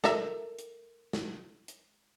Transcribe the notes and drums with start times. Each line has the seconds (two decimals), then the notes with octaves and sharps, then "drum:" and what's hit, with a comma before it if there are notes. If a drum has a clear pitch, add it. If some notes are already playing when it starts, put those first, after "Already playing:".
0.04 A4 A#4 E5, drum: snare
0.59 drum: hi-hat
1.13 drum: snare
1.68 drum: hi-hat